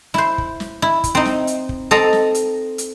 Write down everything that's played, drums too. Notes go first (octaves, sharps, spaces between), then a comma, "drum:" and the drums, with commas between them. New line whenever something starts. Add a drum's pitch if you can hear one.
E4 C5, drum: snare
drum: kick
drum: snare
E4
drum: kick, hi-hat
C4 D#4
drum: snare
drum: hi-hat
drum: kick
C4 A4 D#5 A#5, drum: snare
drum: snare
drum: hi-hat
drum: hi-hat